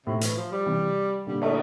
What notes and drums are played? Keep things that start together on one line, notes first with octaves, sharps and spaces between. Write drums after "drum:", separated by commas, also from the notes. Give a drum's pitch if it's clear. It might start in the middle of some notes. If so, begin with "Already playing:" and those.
A2 C3
E3, drum: hi-hat
F3
G3
C3 E3
A#2 D3 G3
A3, drum: cymbal